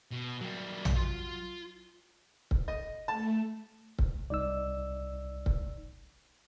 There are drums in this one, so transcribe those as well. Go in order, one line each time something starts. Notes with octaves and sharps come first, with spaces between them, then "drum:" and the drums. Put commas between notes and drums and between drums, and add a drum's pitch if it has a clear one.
B2
F#3 G3 A#3
drum: tom A#1
F4 C6
drum: kick C#1
D#5
A3 A5
drum: kick C#1
C2 D#4 D5 E6
drum: kick C#1